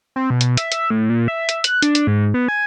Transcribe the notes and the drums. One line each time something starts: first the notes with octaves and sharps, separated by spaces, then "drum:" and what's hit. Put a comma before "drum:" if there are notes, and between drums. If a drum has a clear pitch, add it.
C4
B2
drum: hi-hat
E5, drum: hi-hat
drum: hi-hat
A2
A#2
E5
drum: hi-hat
F#6, drum: hi-hat
D4, drum: hi-hat
drum: hi-hat
G#2
B3
G#5